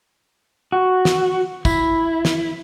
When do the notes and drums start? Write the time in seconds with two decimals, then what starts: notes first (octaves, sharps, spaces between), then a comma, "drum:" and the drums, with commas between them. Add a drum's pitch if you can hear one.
0.72 F#4
1.05 drum: snare
1.65 E4, drum: kick, tambourine
2.25 drum: snare